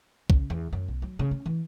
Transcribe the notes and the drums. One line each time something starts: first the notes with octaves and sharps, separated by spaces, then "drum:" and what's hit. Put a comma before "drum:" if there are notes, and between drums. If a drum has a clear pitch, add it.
C#3, drum: kick C2
E2
F#2
B1
F#3
C#3
C#4
E3